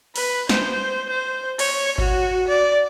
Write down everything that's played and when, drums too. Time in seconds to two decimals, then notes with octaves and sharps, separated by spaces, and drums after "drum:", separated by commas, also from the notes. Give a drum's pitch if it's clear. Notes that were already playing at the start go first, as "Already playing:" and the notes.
0.16 B4, drum: open hi-hat
0.49 C5, drum: snare
1.09 C5
1.59 C#5, drum: cymbal
1.98 F#4, drum: kick G#1
2.48 D5